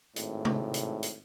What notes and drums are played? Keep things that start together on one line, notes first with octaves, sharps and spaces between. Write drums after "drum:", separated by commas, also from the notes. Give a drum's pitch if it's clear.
G#1 A2, drum: hi-hat
drum: tom
drum: hi-hat
drum: hi-hat